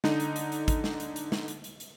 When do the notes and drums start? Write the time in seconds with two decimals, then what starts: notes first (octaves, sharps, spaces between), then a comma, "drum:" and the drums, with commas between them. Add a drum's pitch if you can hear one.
0.04 D3 D#4, drum: snare
0.20 drum: hi-hat
0.36 drum: hi-hat
0.52 drum: hi-hat
0.68 drum: kick, hi-hat
0.84 drum: snare
1.00 drum: hi-hat
1.16 drum: hi-hat
1.32 drum: snare
1.48 drum: hi-hat
1.64 drum: hi-hat
1.80 drum: hi-hat